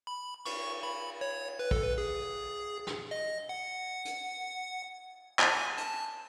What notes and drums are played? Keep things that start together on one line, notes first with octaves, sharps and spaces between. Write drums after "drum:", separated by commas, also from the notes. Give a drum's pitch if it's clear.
B5
C#6, drum: cymbal
B5
C#5
B4
A4, drum: kick
B4
G#4
drum: snare
D#5
F#5
drum: hi-hat
G#5, drum: clap
A5, drum: hi-hat